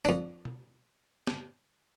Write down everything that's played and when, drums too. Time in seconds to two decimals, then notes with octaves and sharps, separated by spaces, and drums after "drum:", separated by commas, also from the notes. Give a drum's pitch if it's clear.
0.05 F2 D4, drum: tambourine
0.45 drum: tom B2
1.27 drum: snare